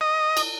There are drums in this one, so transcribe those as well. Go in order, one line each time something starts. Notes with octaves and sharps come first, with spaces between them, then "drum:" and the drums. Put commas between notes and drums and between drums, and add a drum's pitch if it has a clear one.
D#5
drum: cymbal